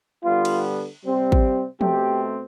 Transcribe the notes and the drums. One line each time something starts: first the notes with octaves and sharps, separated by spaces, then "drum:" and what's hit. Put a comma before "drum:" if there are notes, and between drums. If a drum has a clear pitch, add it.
D3 G3 B3 F4
drum: cymbal
C3 G3 C4
drum: kick
B2 A3 C4 G4, drum: tom